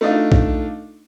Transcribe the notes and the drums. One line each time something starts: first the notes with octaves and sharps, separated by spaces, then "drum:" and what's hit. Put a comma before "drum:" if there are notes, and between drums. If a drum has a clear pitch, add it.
A3 D4 D#4 F4
drum: kick B1